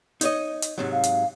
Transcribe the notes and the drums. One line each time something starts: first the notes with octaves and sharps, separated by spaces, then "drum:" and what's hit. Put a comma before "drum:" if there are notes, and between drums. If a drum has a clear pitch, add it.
D#4 C#5 D#5, drum: hi-hat
drum: hi-hat
G#2 C3 F#3
F5
drum: hi-hat